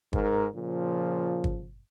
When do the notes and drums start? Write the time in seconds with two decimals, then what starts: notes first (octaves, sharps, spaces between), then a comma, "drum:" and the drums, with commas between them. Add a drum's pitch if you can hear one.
0.13 G#2 A#4, drum: kick
0.55 A#2 C#3 F3
1.44 drum: kick